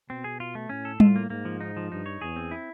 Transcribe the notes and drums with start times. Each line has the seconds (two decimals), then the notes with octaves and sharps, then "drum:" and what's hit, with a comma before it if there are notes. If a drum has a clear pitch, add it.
0.09 B2 C4
0.24 G#4
0.40 F4
0.55 A3
0.69 A2 C#4
0.85 A4
1.00 A2 F4, drum: tom G3
1.16 A#3
1.30 G#2 A#3
1.45 F3
1.61 D#4
1.77 F3
1.92 G2 D#4
2.06 C#5
2.21 E2 G#4
2.36 C4
2.51 E4